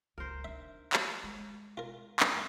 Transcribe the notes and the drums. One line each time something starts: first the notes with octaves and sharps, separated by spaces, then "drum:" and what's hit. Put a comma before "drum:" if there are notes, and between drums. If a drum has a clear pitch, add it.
C#2 F4 A#4 C5
D4 D#4 E5
drum: clap
G#3
F4 A#4
drum: clap